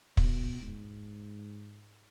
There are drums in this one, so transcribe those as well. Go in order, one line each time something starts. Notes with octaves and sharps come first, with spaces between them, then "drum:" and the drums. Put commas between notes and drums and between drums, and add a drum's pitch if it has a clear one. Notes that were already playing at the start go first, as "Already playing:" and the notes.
B2, drum: kick
G#2